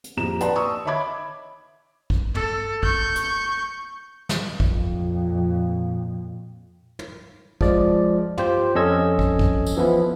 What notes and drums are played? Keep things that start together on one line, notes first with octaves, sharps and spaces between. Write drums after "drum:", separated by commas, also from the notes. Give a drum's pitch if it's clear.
drum: hi-hat
A#1 F2 G4 A#5 E7
B4 D5 F#5 A5 A#5 C6, drum: hi-hat
C#6 D#6 E6
C#5 D#5 E5 B5 D6 G#6
drum: kick
A4, drum: tom
C#6 G6, drum: kick
drum: hi-hat
drum: snare
F2 A#2, drum: kick
drum: tom
F3 G#3 D5, drum: kick
F4 G4 C5, drum: tom
F2 C#4 A4 D#5 E6 G#6
drum: kick
drum: kick
drum: tambourine
E3 F3 B3 E4